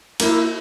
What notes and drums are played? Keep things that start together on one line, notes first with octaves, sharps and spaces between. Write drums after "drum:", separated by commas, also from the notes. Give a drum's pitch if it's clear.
A#3 E4, drum: cymbal